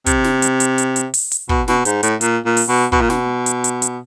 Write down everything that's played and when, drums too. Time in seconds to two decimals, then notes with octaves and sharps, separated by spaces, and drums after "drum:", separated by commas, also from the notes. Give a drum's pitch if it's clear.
0.06 C3, drum: kick, hi-hat
0.24 drum: snare
0.42 drum: hi-hat
0.60 drum: hi-hat
0.78 drum: hi-hat
0.96 drum: hi-hat
1.14 drum: open hi-hat
1.32 drum: hi-hat
1.49 B2, drum: kick
1.68 B2, drum: snare
1.85 G#2, drum: hi-hat
2.03 A2, drum: hi-hat
2.21 A#2, drum: hi-hat
2.45 A#2
2.57 drum: open hi-hat
2.68 B2
2.92 B2, drum: kick
3.01 A#2
3.10 B2, drum: snare
3.46 drum: hi-hat
3.64 drum: hi-hat
3.82 drum: hi-hat